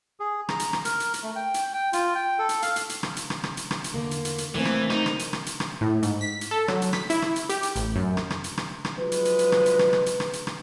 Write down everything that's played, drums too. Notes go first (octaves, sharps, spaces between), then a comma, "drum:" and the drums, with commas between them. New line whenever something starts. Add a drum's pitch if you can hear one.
G#4
A#5, drum: rim click
drum: hi-hat
drum: rim click
A#4, drum: hi-hat
drum: hi-hat
drum: hi-hat
A3
G5
drum: hi-hat
G5
F4, drum: hi-hat
G5
A4
drum: hi-hat
F5, drum: hi-hat
drum: hi-hat
drum: hi-hat
drum: rim click
drum: hi-hat
drum: rim click
drum: rim click
drum: hi-hat
drum: rim click
drum: hi-hat
E2 D3 A#3
drum: hi-hat
drum: hi-hat
drum: hi-hat
E3 A3 A#3 C4
drum: rim click
D#4, drum: rim click
drum: rim click
drum: hi-hat
drum: rim click
drum: hi-hat
drum: rim click
A2
G#2, drum: hi-hat
B6
drum: hi-hat
A4
F#3, drum: rim click
drum: hi-hat
B6, drum: rim click
E4, drum: hi-hat
drum: rim click
drum: hi-hat
G4, drum: hi-hat
drum: hi-hat
A1, drum: hi-hat
F#2
drum: rim click
drum: rim click
drum: hi-hat
drum: rim click
drum: rim click
F3 F#3 G#3 B4
drum: hi-hat
drum: hi-hat
drum: hi-hat
drum: rim click
drum: hi-hat
drum: rim click
drum: rim click
drum: hi-hat
drum: rim click
drum: hi-hat
drum: rim click